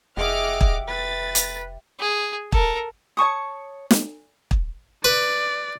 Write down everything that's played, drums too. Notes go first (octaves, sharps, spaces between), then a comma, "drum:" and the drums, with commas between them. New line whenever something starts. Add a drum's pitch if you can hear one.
F1 G4 G#4 D#5 E5 F#5 D6 F6
drum: kick
B4 A6
drum: hi-hat
G#4
A4 A#4, drum: kick
C#5 A5 C#6 D#6
drum: snare
drum: kick
B4 D5